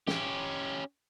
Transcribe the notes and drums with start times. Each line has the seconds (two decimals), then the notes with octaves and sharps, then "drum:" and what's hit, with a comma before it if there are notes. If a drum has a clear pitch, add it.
0.07 C#4 G4, drum: snare